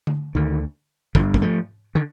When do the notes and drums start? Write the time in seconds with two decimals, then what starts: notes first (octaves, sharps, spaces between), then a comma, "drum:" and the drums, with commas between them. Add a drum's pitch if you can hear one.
0.07 drum: tom D3
0.35 D2 D3 D#3
1.15 G1 G2 D3 F3, drum: kick
1.34 A#3, drum: kick
1.42 F3 A3
1.95 D3 D#3